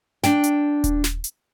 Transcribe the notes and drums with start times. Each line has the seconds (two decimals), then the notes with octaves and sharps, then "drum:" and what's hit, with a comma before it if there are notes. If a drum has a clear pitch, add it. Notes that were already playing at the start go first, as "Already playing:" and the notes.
0.23 D4 G5, drum: snare
0.44 drum: hi-hat
0.84 drum: kick D#1, hi-hat
1.04 drum: snare
1.24 drum: hi-hat